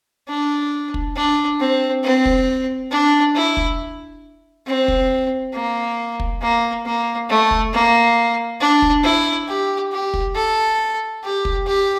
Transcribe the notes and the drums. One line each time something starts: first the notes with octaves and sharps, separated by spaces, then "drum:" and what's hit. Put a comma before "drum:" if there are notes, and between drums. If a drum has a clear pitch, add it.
D4
drum: kick
D4
C4
C4
drum: kick
D4
E4
drum: kick
C4
drum: kick
A#3
drum: kick
A#3
A#3
A3
drum: kick
A#3
D4
drum: kick
E4
G4
G4
drum: kick
A4
G4
drum: kick
G4